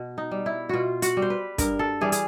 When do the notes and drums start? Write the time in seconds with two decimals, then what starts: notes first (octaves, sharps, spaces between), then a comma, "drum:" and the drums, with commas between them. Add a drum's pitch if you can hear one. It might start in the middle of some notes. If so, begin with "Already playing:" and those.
Already playing: B2
0.18 D#4
0.31 G3
0.46 E4
0.69 B2 F4 F#4
1.02 F#4, drum: hi-hat
1.17 G3
1.22 C5
1.30 B4
1.58 G2 A#4, drum: kick, hi-hat
1.79 A4
2.01 E3 G3 G#4
2.12 G#4, drum: hi-hat